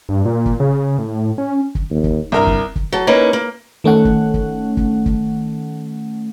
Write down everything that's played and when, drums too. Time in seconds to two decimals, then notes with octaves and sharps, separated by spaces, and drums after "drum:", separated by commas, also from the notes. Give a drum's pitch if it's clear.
0.09 G2
0.25 A#2
0.46 drum: kick
0.60 C#3
0.99 A2
1.38 C#4
1.75 drum: kick
1.91 D#2
2.04 drum: kick
2.32 C2 G2 A#4 A#5
2.47 drum: kick
2.76 drum: kick
2.92 F#3 A4
3.07 A#3 C#4 D#4 E4 B4
3.33 A#3
3.84 D#3 A3 C#4 F#5
4.05 drum: kick
4.34 drum: kick
4.77 drum: kick
5.06 drum: kick